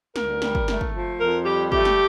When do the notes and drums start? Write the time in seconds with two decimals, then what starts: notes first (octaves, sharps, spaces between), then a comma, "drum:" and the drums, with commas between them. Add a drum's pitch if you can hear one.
0.16 D2 A#4, drum: snare
0.42 G3, drum: snare
0.55 drum: kick
0.68 A3, drum: snare
0.81 drum: kick
0.94 F3
1.20 F2 A#4
1.46 G3 G4
1.72 A3 G4, drum: kick
1.85 drum: snare